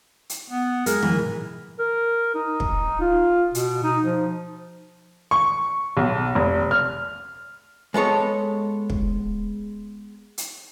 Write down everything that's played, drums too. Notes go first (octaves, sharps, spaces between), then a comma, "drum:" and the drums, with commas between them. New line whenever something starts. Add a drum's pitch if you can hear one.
drum: hi-hat
B3
G#3 A#4, drum: hi-hat
E3, drum: tom
A#4
D#4
drum: kick
F4
B2, drum: hi-hat
D#4
F3
C#6
B1
F1
F6
G#3 B3 A4 C#5
drum: kick
drum: hi-hat